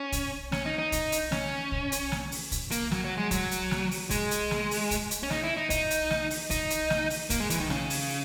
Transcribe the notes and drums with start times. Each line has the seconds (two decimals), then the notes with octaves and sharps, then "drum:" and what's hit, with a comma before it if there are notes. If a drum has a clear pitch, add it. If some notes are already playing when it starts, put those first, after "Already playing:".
Already playing: C#4
0.12 drum: kick, hi-hat
0.52 C#4, drum: snare
0.66 D#4
0.79 D#4
0.92 drum: kick, hi-hat
1.12 drum: hi-hat
1.32 C#4, drum: snare
1.72 drum: kick
1.92 drum: hi-hat
2.12 drum: snare
2.32 drum: open hi-hat
2.52 drum: kick, hi-hat
2.71 A#3, drum: hi-hat
2.92 F#3, drum: snare
3.04 F#3
3.18 G#3
3.31 F#3, drum: kick, hi-hat
3.51 drum: hi-hat
3.71 drum: snare
3.91 drum: open hi-hat
4.11 G#3, drum: kick, hi-hat
4.31 drum: hi-hat
4.51 drum: snare
4.71 drum: open hi-hat
4.91 drum: kick, hi-hat
5.11 drum: hi-hat
5.23 C#4
5.30 D#4, drum: snare
5.44 E4
5.57 D#4
5.70 D#4, drum: kick, hi-hat
5.91 drum: hi-hat
6.10 drum: snare
6.30 drum: open hi-hat
6.51 D#4, drum: kick, hi-hat
6.70 drum: hi-hat
6.90 drum: snare
7.10 drum: open hi-hat
7.30 A#3, drum: kick, hi-hat
7.40 G#3
7.50 E3, drum: hi-hat
7.60 D#3
7.70 C#3, drum: snare
7.90 drum: open hi-hat